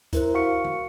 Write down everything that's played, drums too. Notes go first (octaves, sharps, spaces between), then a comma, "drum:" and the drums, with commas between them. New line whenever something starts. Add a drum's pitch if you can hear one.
E4 A#4 C5, drum: kick C2, hi-hat
F#4 F5 C#6 C#7
drum: tom D3